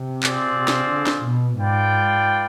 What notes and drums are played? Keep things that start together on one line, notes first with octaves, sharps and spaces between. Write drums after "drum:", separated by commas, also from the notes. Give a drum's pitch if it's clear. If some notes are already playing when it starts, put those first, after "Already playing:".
Already playing: C3
C4 F4 G#4 D5, drum: clap
C3
drum: snare
D3
drum: snare
B2
G#2 F4 B4 D5 G5